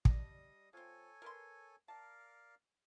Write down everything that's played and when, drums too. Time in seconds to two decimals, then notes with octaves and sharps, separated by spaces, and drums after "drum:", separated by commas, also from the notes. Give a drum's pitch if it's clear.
0.05 G3 D4 D#5 D#6, drum: kick
0.73 F3 C4 A4 C#5 G#5
1.22 A#4 B4 C6
1.88 A#4 D5 F5 A5